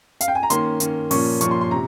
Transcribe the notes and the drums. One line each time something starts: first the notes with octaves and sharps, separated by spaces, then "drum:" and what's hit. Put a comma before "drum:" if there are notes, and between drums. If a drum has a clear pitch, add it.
F5, drum: hi-hat
G5
G#5
A#5
D#3 A#3 C#4 C6, drum: hi-hat
D#3 A#3 C#4, drum: hi-hat
A#2 F3 A#3 C#4 C#6, drum: open hi-hat
A#2 F3 A#3 C#4 C#6, drum: hi-hat
C6
C6
C3 A#5